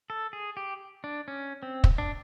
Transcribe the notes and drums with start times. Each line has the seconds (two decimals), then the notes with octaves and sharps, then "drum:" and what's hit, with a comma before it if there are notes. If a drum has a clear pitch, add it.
0.10 A4
0.33 G#4
0.57 G4
1.04 D4
1.28 C#4
1.63 C4
1.84 drum: kick
1.98 D4